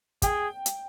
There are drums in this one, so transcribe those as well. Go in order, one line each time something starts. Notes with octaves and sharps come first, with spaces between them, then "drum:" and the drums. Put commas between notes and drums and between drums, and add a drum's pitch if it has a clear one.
G#4 G5, drum: kick, hi-hat
drum: hi-hat